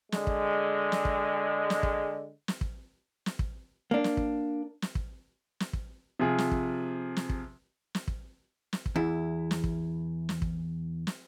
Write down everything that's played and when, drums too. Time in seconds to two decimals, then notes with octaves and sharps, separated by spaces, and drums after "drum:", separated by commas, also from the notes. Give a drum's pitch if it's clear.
0.12 D3 G#3, drum: snare
0.27 drum: kick
0.92 drum: snare
1.05 drum: kick
1.70 drum: snare
1.83 drum: kick
2.48 drum: snare
2.61 drum: kick
3.26 drum: snare
3.39 drum: kick
3.91 A#3 D4
4.04 drum: snare
4.17 drum: kick
4.82 drum: snare
4.95 drum: kick
5.60 drum: snare
5.73 drum: kick
6.19 C3 F3 F4 G#4
6.38 drum: snare
6.51 drum: kick
7.16 drum: snare
7.30 drum: kick
7.95 drum: snare
8.08 drum: kick
8.73 drum: snare
8.86 drum: kick
8.96 E2 E4
9.51 drum: snare
9.64 drum: kick
10.29 drum: snare
10.42 drum: kick
11.07 drum: snare